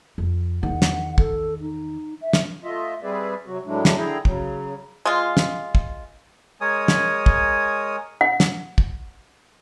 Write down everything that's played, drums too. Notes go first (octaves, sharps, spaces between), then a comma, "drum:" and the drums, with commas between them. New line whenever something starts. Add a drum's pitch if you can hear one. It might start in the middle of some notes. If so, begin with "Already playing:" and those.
F2
E2 D#3 F#5
drum: snare
A4, drum: kick
D#4
E5
drum: snare
A3 F4 D#5 E5
G3 C4 G#4 B4 D5 E5
C3 F#3 F#4
A2 F#3 G#3 A3 D4
drum: snare
D3 E4 G#4 G5 A#5
C#3 F#3, drum: kick
G#3 F4
drum: snare
drum: kick
G#3 A#4 C#5 G#5 D#6
drum: snare
drum: kick
F#5
drum: snare
drum: kick